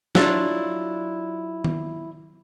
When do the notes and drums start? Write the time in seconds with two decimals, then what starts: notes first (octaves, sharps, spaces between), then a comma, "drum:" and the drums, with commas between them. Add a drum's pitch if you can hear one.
0.15 F#3 D4 E4 F4, drum: snare
1.64 drum: tom D#3